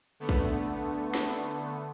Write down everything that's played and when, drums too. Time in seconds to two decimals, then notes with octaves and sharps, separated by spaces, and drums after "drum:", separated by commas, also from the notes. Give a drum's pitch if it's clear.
0.20 D3 A3 B3
0.29 drum: kick
1.15 drum: snare